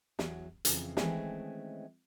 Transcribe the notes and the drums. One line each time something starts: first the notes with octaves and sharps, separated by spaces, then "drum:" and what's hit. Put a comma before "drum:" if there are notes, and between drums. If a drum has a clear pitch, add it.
E2 F#3, drum: snare
F2 C#3 E3 F3, drum: hi-hat
D#3 E3 G#3 A3 C4 C#4, drum: snare